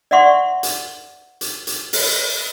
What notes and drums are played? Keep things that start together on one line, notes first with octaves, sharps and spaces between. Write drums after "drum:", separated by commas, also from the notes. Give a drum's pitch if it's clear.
D5 E5 F#5 C6 C#6
drum: hi-hat
drum: hi-hat
drum: hi-hat
drum: open hi-hat